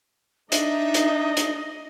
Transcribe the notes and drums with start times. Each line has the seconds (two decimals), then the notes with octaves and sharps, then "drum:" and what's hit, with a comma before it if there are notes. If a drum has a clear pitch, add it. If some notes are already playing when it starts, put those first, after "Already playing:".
0.52 D4 D#4 D#5 E5, drum: hi-hat
0.94 drum: hi-hat
1.37 drum: hi-hat